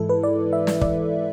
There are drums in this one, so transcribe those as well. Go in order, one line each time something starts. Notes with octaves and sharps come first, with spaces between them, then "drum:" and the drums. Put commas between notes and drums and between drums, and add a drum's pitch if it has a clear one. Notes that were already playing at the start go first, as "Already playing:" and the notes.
Already playing: G#2 E3 G#3 E4 A4
B4
D5
E5
drum: snare
D5, drum: kick